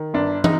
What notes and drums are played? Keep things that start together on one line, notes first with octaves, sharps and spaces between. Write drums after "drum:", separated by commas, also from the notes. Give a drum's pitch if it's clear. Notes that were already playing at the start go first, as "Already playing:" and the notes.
Already playing: D#3
G1 D4
D#4, drum: tom